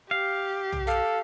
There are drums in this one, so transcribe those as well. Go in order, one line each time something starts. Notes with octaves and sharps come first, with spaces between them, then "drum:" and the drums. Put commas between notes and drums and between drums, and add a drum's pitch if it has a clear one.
G4 F5
drum: tom B1
A4 F5